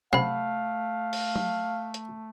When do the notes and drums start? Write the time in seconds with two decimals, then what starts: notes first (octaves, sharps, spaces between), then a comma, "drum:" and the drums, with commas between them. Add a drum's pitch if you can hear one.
0.13 C3 A3 F5 F#5 B5, drum: tom F#3
1.13 drum: open hi-hat
1.36 drum: tom F#3
1.94 drum: hi-hat